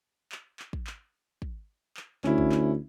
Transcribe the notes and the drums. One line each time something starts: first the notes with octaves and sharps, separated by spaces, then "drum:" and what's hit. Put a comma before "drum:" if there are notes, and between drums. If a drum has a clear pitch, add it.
drum: clap
drum: clap
drum: kick
drum: clap
drum: kick
drum: clap
D2 C#4 E4, drum: clap
drum: kick
drum: clap